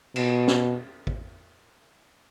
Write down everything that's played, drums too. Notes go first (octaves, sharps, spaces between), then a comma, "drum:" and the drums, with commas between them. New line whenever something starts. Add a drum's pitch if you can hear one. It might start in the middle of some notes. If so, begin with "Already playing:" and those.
B2, drum: cymbal
drum: snare
drum: kick